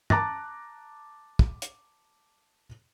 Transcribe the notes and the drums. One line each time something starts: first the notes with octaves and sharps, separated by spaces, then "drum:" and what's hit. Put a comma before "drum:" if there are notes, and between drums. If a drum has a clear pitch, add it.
A5 A#5 D6 F#6 A6 A#6, drum: tom
drum: kick
drum: hi-hat